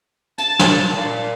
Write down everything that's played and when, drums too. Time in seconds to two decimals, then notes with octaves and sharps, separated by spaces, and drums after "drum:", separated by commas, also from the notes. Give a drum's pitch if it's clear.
0.38 A5, drum: hi-hat
0.59 drum: snare
0.94 A#2